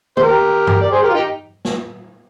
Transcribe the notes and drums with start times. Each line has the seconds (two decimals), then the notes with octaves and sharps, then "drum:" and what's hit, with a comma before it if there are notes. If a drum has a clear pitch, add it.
0.17 C5, drum: tom
0.22 G4 A#4
0.67 drum: tom G2
0.81 D5
0.91 G#4 C5
1.03 G4 A#4
1.10 F4
1.14 D#4 G4
1.65 drum: snare